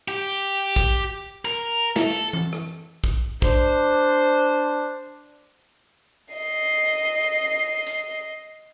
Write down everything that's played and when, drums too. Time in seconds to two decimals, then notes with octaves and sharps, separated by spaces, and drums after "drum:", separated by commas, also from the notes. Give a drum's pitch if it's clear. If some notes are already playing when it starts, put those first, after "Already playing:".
0.08 G4, drum: hi-hat
0.76 drum: kick
1.45 A#4, drum: hi-hat
1.96 A4, drum: snare
2.33 drum: tom E3
2.53 drum: rim click
3.04 drum: kick
3.42 D4 C5, drum: kick
6.34 D#5 C7
7.87 drum: hi-hat